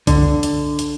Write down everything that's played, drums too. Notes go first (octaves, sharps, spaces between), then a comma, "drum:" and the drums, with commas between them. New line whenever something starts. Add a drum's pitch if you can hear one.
D3, drum: kick C2, hi-hat
drum: hi-hat
drum: hi-hat